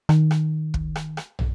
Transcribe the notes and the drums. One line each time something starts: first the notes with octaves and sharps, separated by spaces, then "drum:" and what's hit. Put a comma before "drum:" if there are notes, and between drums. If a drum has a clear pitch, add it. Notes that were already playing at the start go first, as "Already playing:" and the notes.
D#3, drum: rim click
drum: rim click
drum: kick
drum: rim click
drum: rim click
drum: tom